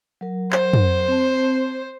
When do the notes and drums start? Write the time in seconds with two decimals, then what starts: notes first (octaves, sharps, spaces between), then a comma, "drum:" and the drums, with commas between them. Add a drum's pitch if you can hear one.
0.21 F#3 A#4
0.52 C5, drum: clap
0.73 drum: tom
1.08 C4 A5